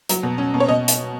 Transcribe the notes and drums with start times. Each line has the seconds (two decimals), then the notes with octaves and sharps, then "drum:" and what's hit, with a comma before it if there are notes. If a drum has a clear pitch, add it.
0.09 F#3, drum: hi-hat
0.23 B2
0.38 C#4
0.54 B2
0.60 C#5
0.68 B2 D#5
0.88 drum: hi-hat